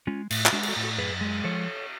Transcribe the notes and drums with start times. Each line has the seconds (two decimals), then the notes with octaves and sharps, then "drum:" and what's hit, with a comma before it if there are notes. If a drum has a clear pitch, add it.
0.07 G#3 C#4 F4
0.30 A2, drum: cymbal
0.46 F4, drum: clap
0.53 G#3 D4 F#4
0.63 G#4, drum: cymbal
0.68 F#4 A4
0.76 A2
0.83 F#4 A4
0.98 F#2 G#4 B4
1.21 G#3
1.44 F3 A4 C#5